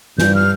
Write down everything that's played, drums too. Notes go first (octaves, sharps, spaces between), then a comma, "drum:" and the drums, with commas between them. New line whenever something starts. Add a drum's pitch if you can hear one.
G2 G6, drum: snare
F6